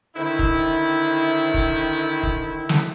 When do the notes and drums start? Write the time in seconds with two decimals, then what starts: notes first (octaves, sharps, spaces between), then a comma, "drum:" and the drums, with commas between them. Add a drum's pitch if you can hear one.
0.16 D3 D#3 C4 E4
0.39 drum: kick
1.54 drum: kick
2.23 drum: kick
2.69 drum: snare